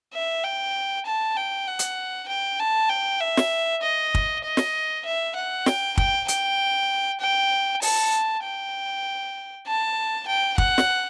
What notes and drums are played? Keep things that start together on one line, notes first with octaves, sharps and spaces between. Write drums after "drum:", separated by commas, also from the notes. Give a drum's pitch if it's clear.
E5
G5
A5
G5
F#5
drum: hi-hat
G5
A5
G5
E5
drum: snare
D#5
drum: kick
D#5
drum: snare
E5
F#5
G5, drum: snare
G5, drum: kick
G5, drum: hi-hat
G5
A5, drum: open hi-hat
G5
A5
G5
F#5, drum: kick
drum: snare